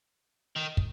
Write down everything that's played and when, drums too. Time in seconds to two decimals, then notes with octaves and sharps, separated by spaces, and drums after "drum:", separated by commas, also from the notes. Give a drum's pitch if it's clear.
0.56 D#3
0.77 drum: kick